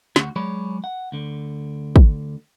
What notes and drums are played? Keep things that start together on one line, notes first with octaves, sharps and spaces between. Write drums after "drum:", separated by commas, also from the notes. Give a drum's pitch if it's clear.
D2 F#4, drum: snare
F#3 G#3 G#4 C#5 D5 B5
F#5
D2 D3
drum: kick